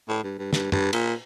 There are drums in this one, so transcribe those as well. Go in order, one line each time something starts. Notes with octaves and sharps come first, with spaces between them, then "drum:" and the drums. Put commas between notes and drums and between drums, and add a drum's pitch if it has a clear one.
A2
G2
G2
G2, drum: snare
G2, drum: tom
A#2, drum: cymbal